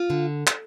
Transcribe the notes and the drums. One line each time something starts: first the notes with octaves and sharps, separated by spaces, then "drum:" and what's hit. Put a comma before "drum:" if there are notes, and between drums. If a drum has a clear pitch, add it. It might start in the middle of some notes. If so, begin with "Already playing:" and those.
Already playing: F4
D3
drum: clap